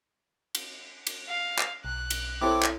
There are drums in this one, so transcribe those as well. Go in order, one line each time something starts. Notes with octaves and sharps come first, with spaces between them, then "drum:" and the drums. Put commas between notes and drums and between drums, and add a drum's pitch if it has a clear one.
drum: cymbal
drum: cymbal
F5
drum: clap
B1 F#6
drum: cymbal
C4 E4 A4 C#5 D6
drum: clap